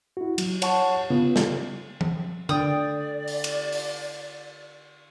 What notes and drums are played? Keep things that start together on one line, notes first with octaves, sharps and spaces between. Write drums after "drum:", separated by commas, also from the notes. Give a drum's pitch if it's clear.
E4 F#4
F#3, drum: cymbal
C#5 F#5 A5 C#6, drum: cymbal
C#3 B3 F4
drum: snare
drum: tom F3
D3 D5 G5 D#6
drum: open hi-hat
drum: cymbal
drum: open hi-hat